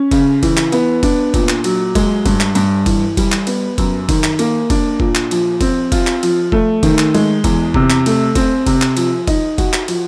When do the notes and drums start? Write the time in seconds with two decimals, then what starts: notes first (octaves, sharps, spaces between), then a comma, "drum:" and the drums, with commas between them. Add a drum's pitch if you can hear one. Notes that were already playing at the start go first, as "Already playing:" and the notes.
Already playing: C#4
0.11 C#3, drum: kick, cymbal
0.43 E3, drum: kick, cymbal
0.57 drum: clap
0.72 B3, drum: cymbal
1.03 D4, drum: kick, cymbal
1.34 A#2, drum: kick, cymbal
1.49 drum: clap
1.64 F#3, drum: cymbal
1.95 G#3, drum: kick, cymbal
2.26 G2, drum: kick, cymbal
2.41 drum: clap
2.55 G2, drum: cymbal
2.86 E3, drum: kick, cymbal
3.17 G3, drum: kick, cymbal
3.32 drum: clap
3.47 B3, drum: cymbal
3.78 F#2, drum: kick, cymbal
4.09 D#3, drum: kick, cymbal
4.24 drum: clap
4.39 A#3, drum: cymbal
4.70 D4, drum: kick, cymbal
5.00 A#2, drum: kick
5.15 drum: clap
5.31 F3, drum: cymbal
5.61 C4, drum: kick, cymbal
5.92 F4, drum: kick, cymbal
6.07 drum: clap
6.23 F3, drum: cymbal
6.52 A3, drum: kick
6.83 D#3, drum: kick, cymbal
6.99 drum: clap
7.15 G#3, drum: cymbal
7.44 E2, drum: kick, cymbal
7.74 C3, drum: kick
7.90 drum: clap
8.06 A3, drum: cymbal
8.35 C4, drum: kick, cymbal
8.67 C3, drum: kick, cymbal
8.82 drum: clap
8.97 F3, drum: cymbal
9.27 D#4, drum: kick, cymbal
9.58 F#4, drum: kick, cymbal
9.73 drum: clap
9.88 F3, drum: cymbal